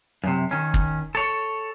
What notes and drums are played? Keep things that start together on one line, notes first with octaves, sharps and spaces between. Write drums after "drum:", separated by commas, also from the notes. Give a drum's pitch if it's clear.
F#2 C3
D#3 C#4
drum: kick
A4 C#5